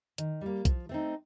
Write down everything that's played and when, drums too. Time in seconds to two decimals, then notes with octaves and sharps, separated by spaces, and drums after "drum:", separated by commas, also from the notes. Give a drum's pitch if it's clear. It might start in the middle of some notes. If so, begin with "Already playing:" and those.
0.18 D#3, drum: hi-hat
0.41 G3 A#3
0.65 F3, drum: kick B1, hi-hat
0.89 A3 C4 D#4